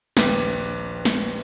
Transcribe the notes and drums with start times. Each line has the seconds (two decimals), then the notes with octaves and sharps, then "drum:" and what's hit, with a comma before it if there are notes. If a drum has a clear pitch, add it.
0.17 A#1 D#2 B4 G5 D6 B6, drum: snare
1.05 drum: snare